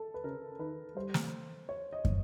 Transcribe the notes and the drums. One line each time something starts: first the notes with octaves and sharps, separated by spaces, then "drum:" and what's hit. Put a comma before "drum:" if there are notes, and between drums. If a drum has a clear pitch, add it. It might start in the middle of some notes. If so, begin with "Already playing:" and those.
Already playing: A4
B4
C#3 A#4
D#3 B4
G3 C5
drum: snare
C#5
D#5
drum: kick